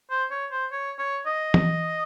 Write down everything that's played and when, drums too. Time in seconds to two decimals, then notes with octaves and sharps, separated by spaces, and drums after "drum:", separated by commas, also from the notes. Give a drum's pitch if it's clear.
0.10 C5
0.31 C#5
0.51 C5
0.72 C#5
0.99 C#5
1.26 D#5
1.54 drum: tom